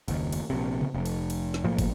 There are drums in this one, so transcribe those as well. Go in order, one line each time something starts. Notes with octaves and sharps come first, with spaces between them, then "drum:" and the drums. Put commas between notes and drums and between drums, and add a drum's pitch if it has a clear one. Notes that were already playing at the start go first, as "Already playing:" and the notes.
F#1 D#2, drum: cymbal
drum: cymbal
A#1 C3
drum: tom C3
F1
drum: cymbal
drum: cymbal
drum: snare
B1 A2 F3 A#3
drum: kick, cymbal